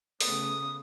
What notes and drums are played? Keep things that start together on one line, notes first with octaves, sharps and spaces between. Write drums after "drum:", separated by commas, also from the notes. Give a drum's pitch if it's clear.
C#3 A3 B3 D#6, drum: open hi-hat